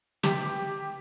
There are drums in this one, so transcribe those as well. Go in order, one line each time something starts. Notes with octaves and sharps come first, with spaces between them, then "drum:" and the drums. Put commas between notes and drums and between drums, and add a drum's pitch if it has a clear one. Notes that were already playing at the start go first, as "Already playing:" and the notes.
G4, drum: snare